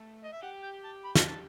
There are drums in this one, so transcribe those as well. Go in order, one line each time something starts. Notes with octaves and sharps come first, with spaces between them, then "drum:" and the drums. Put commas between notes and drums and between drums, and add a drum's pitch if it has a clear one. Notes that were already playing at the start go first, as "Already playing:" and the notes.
Already playing: A3
D#5
E5
G4 F#5
G5
A5
B5
drum: snare
A5